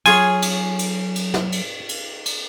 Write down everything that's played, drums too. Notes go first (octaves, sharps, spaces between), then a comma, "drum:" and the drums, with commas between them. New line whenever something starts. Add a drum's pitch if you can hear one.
F#3 F4 G#4 C#5 G#5, drum: cymbal
drum: cymbal
drum: cymbal
drum: cymbal
drum: snare
drum: cymbal
drum: cymbal
drum: cymbal